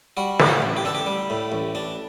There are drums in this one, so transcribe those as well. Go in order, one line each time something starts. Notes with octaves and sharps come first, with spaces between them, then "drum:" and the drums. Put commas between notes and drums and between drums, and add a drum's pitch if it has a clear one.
G3 F#4
A2 G4, drum: snare
F#4
A1
G4
D4 A4
G4
G3
A2
A1
D4